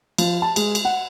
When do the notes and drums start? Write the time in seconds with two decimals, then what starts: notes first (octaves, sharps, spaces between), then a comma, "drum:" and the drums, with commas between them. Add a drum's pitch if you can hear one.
0.18 F3, drum: cymbal
0.42 A5
0.56 G#3, drum: cymbal
0.75 drum: cymbal
0.85 F#5